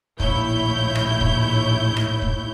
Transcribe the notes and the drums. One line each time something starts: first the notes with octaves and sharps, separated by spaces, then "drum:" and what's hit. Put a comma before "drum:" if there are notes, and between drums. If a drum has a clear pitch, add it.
A#1 D#2 A2 E4 C#5 G6, drum: kick
drum: rim click
drum: kick
drum: rim click
drum: kick